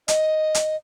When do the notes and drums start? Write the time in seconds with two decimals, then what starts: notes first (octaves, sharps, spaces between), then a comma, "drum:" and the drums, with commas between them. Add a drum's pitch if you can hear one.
0.08 D#5, drum: hi-hat
0.55 drum: hi-hat